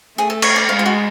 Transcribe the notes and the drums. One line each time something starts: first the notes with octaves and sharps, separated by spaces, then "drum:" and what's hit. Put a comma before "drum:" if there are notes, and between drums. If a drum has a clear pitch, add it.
A3 G#4
A4
C#5, drum: cymbal
D5
G#3 F5
F4
F#4